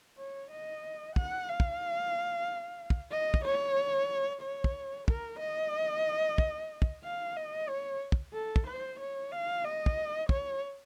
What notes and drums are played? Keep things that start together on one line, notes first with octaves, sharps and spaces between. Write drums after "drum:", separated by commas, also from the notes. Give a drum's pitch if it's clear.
C#5
D#5
F#5, drum: kick
F5
drum: kick
drum: kick
D#5
drum: kick
C#5
C#5
drum: kick
A#4, drum: kick
D#5
drum: kick
drum: kick
F5
D#5
C#5
drum: kick
A4
drum: kick
C5
C#5
F5
D#5
drum: kick
C#5, drum: kick